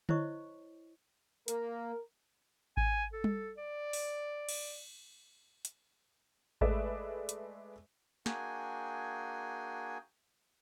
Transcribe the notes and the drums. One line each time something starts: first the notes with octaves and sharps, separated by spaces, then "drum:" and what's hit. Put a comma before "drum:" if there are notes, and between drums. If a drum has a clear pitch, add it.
E4 C5 C#5 D#5 C#6, drum: tom D3
A#3 A#4, drum: hi-hat
G#5, drum: kick G#1
A4
drum: tom G3
D5
drum: open hi-hat
drum: cymbal
drum: hi-hat
G#3 A3 B4 D5 E5, drum: kick G#1
drum: hi-hat
A#3 D4 F#4 G#4 G5 G#5, drum: snare